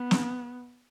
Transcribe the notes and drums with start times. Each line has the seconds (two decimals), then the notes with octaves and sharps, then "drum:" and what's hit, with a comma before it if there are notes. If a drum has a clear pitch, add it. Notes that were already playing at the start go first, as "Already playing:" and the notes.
Already playing: B3
0.11 drum: snare